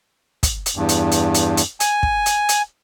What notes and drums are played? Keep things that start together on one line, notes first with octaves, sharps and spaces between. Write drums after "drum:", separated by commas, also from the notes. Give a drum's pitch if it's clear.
drum: kick, hi-hat
drum: hi-hat
E2 G2
drum: hi-hat
drum: hi-hat
drum: hi-hat
drum: hi-hat
G#5, drum: hi-hat
drum: kick
drum: hi-hat
drum: hi-hat